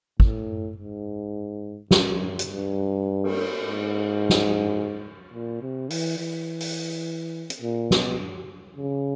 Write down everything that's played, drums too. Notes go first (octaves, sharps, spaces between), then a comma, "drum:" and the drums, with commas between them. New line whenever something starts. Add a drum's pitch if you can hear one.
A2, drum: kick
G#2
F#2, drum: snare
drum: hi-hat
G2
drum: cymbal
G#2
drum: snare
A#2
C3
E3, drum: open hi-hat
E3
drum: open hi-hat
drum: hi-hat
A#2
B2, drum: snare
C#3